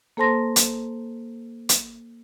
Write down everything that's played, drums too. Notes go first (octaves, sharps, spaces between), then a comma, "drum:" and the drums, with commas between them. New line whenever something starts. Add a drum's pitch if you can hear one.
A#3 A4 C5 A5 C6 A#6
drum: hi-hat
drum: hi-hat